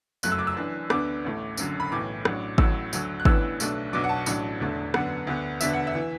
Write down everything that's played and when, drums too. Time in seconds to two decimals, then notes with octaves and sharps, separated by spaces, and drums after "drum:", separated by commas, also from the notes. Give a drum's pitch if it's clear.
0.23 F#1 F#2 F#3 A3 F#6, drum: tambourine
0.32 E6
0.39 D6
0.47 E6
0.57 F#2 E3 D4
0.90 D2 D3 B3 D4 D6, drum: rim click
1.24 A1 A2 A3
1.57 F#1 F#2 D3, drum: tambourine
1.80 B5
1.91 B1 A2 E3 D6
2.25 A1 A2 F#3 D4, drum: rim click
2.58 A1 A2 F#3 E6, drum: kick G#1
2.93 D2 D3 F#3 D4, drum: tambourine
3.20 F#6
3.25 A1 A2 E3 B3 D4 E6, drum: kick G#1
3.60 B1 B2 A3 D4, drum: tambourine
3.93 B1 B2 F#3 D4 D6
4.04 F#5
4.09 A5
4.26 A1 A2 F#3 D4, drum: tambourine
4.60 E1 E2 D3 A3 D4
4.94 F#2 D3 B3 D4 F#5, drum: rim click
5.27 D2 D3 B3 D4
5.61 E1 D2 D3 B3 D4 E5, drum: tambourine
5.73 F#5
5.87 E5
5.95 E3